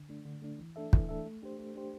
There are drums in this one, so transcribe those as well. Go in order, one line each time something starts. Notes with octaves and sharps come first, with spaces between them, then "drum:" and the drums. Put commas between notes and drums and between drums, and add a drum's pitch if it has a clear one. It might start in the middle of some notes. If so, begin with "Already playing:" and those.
Already playing: D3
A3 D4
D3
A3 D4
E3
A3 D4 A4 E5
E3, drum: kick
A3 D4 A4 E5
A3
D4 G4 C5
A3
D4 G4 C5